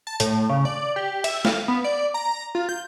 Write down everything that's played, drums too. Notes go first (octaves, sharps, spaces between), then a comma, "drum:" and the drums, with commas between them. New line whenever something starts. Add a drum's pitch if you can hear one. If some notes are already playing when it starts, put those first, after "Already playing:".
A5
A2, drum: hi-hat
C#3
D5
G4
E5, drum: cymbal
F5, drum: snare
B3
D5
A#5
F4
G6